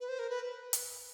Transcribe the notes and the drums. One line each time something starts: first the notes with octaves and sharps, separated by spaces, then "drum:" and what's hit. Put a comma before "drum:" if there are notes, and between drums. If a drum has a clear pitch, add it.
B4
C5
A#4
B4
drum: hi-hat